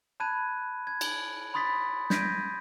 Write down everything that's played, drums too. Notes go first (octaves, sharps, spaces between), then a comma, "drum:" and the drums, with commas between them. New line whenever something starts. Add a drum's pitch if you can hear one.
A5 B5 F#6 G#6 D#7
G#6
drum: cymbal
B5 C6 D#6 A6 B6
G6 G#6 A#6 B6 D7 D#7, drum: snare